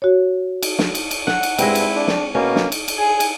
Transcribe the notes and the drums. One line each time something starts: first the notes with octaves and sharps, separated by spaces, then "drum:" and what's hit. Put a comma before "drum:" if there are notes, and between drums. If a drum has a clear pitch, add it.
F#4 C#5
drum: cymbal
drum: snare
drum: cymbal
drum: cymbal
F#5, drum: snare
drum: cymbal
G2 G#3 C4 E4, drum: cymbal
drum: cymbal
D4
drum: snare
B2 A#3 C#4
drum: snare
drum: cymbal
drum: cymbal
G#4
drum: cymbal